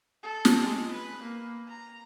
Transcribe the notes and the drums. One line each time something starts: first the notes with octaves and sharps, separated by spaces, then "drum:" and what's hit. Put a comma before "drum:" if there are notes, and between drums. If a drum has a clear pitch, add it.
A4
drum: snare
G#3
B4
A#3
A#5